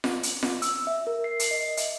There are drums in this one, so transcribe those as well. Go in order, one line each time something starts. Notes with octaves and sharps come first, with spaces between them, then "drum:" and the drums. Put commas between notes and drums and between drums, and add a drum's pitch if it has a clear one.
drum: snare F4
drum: hi-hat
drum: snare F4
E6, drum: hi-hat
E5
A#4
C7
drum: hi-hat
D#5
E5, drum: hi-hat